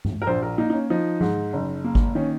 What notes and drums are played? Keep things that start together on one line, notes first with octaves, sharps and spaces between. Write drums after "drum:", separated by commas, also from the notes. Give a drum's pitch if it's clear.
drum: tom G2
A#4
A#1 C5
A#4
A#3 D#4
D#4
C#4
F3 D#4
G#2, drum: tom F3
F#1
A#3
drum: kick G#1
D#3 C#4